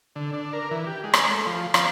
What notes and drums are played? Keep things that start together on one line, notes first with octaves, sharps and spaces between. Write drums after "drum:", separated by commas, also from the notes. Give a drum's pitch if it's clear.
D3
D4
A#4
E3
G4
G#3
drum: rim click
A3
F3
F3, drum: rim click